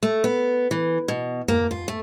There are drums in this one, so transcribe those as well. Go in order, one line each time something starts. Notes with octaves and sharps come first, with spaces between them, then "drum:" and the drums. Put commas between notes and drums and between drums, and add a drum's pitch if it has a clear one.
A3
B3
E3
B2
A#3, drum: tom
F4
A3